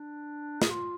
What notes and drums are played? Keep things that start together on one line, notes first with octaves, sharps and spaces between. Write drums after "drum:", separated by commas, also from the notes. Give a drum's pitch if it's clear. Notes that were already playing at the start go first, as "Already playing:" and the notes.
Already playing: D4
G#4, drum: snare
F4